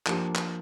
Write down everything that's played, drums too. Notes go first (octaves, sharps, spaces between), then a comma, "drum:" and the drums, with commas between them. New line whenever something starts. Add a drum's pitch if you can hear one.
F3 A#3 D4 G4, drum: clap
drum: clap